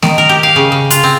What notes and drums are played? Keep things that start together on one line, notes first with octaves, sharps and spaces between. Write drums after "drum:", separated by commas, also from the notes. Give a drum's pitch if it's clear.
D#3, drum: snare A3
A#4
G4
F5
C#3
C#3
F4, drum: hi-hat
C4